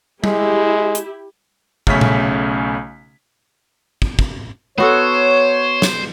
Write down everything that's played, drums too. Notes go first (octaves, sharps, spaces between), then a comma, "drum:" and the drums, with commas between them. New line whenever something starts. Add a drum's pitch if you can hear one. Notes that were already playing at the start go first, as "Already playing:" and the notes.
G#3 E4 G4, drum: tom
drum: hi-hat
B1 C#3 A3 C#4 B6, drum: kick
drum: tom A#2
drum: kick
drum: kick
B3 F#4 A4 C5 C#5
drum: snare